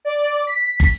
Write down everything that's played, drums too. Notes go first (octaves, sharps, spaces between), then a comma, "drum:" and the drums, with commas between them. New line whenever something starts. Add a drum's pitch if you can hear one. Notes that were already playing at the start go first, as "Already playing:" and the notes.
D5
B6
drum: kick